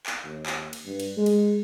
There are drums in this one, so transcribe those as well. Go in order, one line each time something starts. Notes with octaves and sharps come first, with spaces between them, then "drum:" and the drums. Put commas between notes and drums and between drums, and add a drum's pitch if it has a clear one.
drum: clap
D#2
drum: clap
drum: cymbal
G2
drum: cymbal
G#3
drum: cymbal